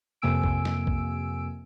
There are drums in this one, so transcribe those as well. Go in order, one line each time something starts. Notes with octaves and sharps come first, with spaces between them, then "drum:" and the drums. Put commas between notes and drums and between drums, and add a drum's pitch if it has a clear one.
F2 C3 A#3 G#5 E6 D7
drum: kick A#1
drum: snare
drum: kick A#1